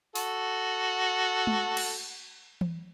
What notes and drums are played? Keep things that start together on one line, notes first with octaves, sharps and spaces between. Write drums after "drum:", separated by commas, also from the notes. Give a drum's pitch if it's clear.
F#4 A4, drum: open hi-hat
drum: tom G#3
drum: cymbal
drum: tom E3